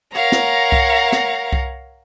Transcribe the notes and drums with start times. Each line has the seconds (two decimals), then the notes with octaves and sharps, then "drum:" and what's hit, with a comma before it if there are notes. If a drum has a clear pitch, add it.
0.12 A#4 C#5 F5 F#5 A#5
0.32 drum: snare
0.72 drum: kick C2
1.12 drum: snare
1.53 drum: kick C2